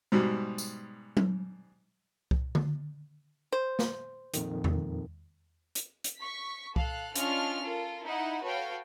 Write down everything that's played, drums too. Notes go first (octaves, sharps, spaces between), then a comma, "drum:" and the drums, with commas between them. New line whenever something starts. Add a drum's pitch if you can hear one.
G#2 B2 G3
drum: tambourine
drum: tom F#3
drum: kick C2
drum: tom D3
C5
drum: snare
F2 A#2 D#3, drum: hi-hat
drum: tom E2
drum: hi-hat
drum: hi-hat
C#6 B6
A4 F5 F#6, drum: kick C2
C#4 D4 F4 D#5 C#6 F6, drum: hi-hat
F4 A4 A#4
D#4 E4 F#5
F#4 A4 B4 C#5 F5 G5